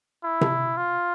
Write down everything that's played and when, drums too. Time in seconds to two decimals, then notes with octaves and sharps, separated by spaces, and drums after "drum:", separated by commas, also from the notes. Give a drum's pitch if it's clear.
0.24 E4
0.41 drum: tom C3
0.77 F4